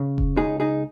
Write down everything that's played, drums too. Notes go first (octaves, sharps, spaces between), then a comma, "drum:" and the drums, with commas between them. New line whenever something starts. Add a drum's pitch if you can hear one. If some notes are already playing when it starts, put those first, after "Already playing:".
Already playing: C#3
drum: kick F1
C#2 D#4 G#4
D#4 G#4